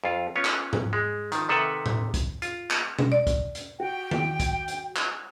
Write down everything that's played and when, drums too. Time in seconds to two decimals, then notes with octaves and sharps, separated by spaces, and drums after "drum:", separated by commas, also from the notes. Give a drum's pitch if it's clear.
0.04 F2 F4
0.36 B3 C#4 F4 C#5
0.45 drum: clap
0.73 drum: tom G#2
0.93 G#3
1.32 D#3 F3, drum: hi-hat
1.49 C3 D#3 A4 B4 E5 F#5
1.86 drum: tom A2
2.14 drum: kick, hi-hat
2.42 F4, drum: hi-hat
2.70 drum: clap
2.99 drum: tom B2
3.12 D5
3.27 drum: kick, hi-hat
3.55 drum: hi-hat
3.80 F#4 G5
4.11 drum: tom D#3
4.40 drum: kick, hi-hat
4.68 drum: hi-hat
4.96 drum: clap